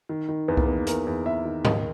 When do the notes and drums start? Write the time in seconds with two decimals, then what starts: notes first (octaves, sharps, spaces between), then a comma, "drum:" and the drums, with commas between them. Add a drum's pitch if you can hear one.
0.09 D#3
0.29 D#3
0.48 E2 B3
0.57 A#3, drum: kick C2
0.67 D#3 B3
0.87 E2 A#4, drum: hi-hat
1.07 E2
1.26 E2 E5
1.45 D#3
1.65 D#2 D#5, drum: tom G#2